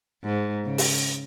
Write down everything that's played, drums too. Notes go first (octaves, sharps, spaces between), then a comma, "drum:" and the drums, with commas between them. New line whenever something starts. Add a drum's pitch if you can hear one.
G#2
C#3
drum: open hi-hat